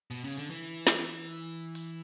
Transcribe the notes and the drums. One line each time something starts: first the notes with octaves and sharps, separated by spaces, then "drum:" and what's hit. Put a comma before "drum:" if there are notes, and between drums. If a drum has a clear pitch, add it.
B2
C#3
D3
E3
drum: snare
drum: open hi-hat